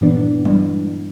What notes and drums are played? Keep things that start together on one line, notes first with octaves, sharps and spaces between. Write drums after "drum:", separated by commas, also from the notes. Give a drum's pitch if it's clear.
G2 A#2 E3 B3 D4
drum: tom F#3